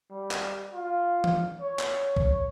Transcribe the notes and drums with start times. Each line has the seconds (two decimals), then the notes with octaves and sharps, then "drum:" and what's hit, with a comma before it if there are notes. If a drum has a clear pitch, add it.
0.11 G3
0.31 drum: clap
0.74 F4
1.24 drum: tom E3
1.61 C#5
1.79 drum: clap
2.16 drum: kick B1